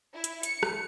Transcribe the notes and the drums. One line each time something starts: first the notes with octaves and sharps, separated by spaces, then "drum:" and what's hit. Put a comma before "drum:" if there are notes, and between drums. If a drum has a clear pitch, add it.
E4
drum: hi-hat
C#7, drum: hi-hat
drum: rim click